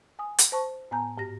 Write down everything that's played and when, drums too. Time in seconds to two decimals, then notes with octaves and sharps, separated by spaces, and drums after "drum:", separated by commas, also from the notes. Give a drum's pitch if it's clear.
0.19 G#5 D#6
0.39 drum: hi-hat
0.52 C5 A5 C#6
0.91 A2 B3 G#5 A#5 G6
1.17 G#2 G4 A#6